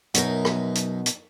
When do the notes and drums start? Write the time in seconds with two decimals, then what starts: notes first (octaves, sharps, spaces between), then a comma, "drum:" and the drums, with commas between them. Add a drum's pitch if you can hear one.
0.14 F#2 B2 D#4 A#4, drum: hi-hat
0.45 drum: rim click
0.75 drum: hi-hat
1.06 drum: hi-hat